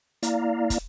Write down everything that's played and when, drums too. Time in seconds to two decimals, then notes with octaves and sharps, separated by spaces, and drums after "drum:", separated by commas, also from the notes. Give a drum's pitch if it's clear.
0.23 A#3 E4 D5 F5 A#5, drum: hi-hat
0.70 drum: kick, hi-hat